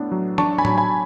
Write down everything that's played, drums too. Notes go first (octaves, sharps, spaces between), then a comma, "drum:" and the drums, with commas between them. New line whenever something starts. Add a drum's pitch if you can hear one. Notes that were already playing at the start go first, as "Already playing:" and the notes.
Already playing: A2 B3 D4
F#3
D4 A5 C#6, drum: tom E3
G#5 B5
F#3, drum: tom A2
G#5 B5